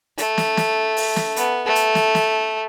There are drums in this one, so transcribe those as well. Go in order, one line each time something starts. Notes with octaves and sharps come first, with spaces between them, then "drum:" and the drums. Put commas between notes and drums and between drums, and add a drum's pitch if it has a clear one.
A3, drum: hi-hat
drum: snare
drum: snare
drum: open hi-hat
drum: snare
B3, drum: hi-hat
A3
drum: hi-hat
drum: snare
drum: snare